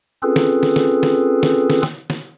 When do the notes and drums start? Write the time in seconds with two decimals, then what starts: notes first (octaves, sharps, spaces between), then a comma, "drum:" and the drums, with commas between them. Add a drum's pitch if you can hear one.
0.23 C4 C#4 F4 G#4 A4 B4
0.36 drum: snare
0.63 drum: snare
0.76 drum: snare
1.03 drum: snare
1.43 drum: snare
1.70 drum: snare
1.83 drum: snare
2.10 drum: snare